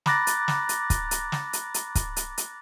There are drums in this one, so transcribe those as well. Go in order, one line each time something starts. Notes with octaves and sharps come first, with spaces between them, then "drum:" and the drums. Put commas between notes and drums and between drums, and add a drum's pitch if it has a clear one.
A#5 B5 D6 F#6 A6 A#6, drum: snare
drum: hi-hat
drum: snare
drum: hi-hat
drum: kick, hi-hat
drum: hi-hat
drum: snare
drum: hi-hat
drum: hi-hat
drum: kick, hi-hat
drum: hi-hat
drum: hi-hat